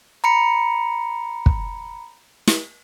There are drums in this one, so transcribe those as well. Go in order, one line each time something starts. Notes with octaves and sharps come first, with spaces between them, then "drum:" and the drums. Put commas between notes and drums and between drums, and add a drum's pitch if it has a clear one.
A#5 B5 C#7
drum: kick
drum: snare